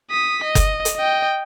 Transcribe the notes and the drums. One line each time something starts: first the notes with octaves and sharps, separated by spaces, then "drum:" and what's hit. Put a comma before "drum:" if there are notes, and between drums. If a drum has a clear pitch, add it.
D#6 B6
D#5
drum: kick F#1, hi-hat
drum: hi-hat
D#5 G5